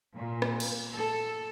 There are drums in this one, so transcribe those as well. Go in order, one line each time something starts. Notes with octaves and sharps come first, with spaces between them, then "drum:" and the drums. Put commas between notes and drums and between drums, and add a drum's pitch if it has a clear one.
A#2
drum: rim click
drum: cymbal
A4